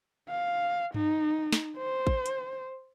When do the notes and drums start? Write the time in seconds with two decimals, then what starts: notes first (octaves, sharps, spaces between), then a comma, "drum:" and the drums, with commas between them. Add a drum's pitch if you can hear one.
0.29 F5
0.94 D#4, drum: tom G2
1.52 drum: snare
1.77 C5
2.07 drum: kick
2.26 drum: hi-hat